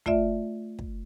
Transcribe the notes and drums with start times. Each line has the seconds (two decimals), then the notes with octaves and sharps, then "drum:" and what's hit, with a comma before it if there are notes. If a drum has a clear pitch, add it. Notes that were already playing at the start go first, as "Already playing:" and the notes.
0.06 A3 F4 D5 E5, drum: kick
0.79 drum: kick